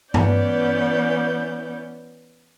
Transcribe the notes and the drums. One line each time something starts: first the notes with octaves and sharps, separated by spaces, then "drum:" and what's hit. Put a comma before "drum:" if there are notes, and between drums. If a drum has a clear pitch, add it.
E3 B3 C#4 D5 G6, drum: tom G2